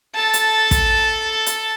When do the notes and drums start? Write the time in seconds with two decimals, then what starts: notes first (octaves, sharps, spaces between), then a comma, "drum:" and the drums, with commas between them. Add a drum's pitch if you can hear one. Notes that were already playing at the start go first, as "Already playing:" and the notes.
0.15 A4 A5
0.33 drum: hi-hat
0.71 drum: kick, hi-hat
1.46 drum: hi-hat